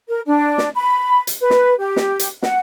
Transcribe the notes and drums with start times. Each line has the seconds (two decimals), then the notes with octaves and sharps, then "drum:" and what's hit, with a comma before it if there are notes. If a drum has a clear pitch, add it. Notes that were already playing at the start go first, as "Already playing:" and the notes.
0.08 A#4
0.27 D4
0.58 drum: snare
0.75 B5
1.27 drum: hi-hat
1.41 B4
1.50 drum: snare
1.79 G4
1.96 drum: snare
2.19 drum: hi-hat
2.43 F#5, drum: snare